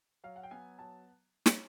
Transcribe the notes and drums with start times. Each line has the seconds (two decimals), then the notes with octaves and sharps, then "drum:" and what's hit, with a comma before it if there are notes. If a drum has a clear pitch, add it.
0.24 F#3 F5
0.36 F#5
0.43 G5
0.51 B3 G#5
0.79 F#3 A5
1.46 drum: snare